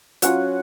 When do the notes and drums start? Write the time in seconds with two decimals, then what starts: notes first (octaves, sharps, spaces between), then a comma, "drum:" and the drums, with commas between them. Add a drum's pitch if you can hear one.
0.22 F#3 C#4 F4 F#5, drum: hi-hat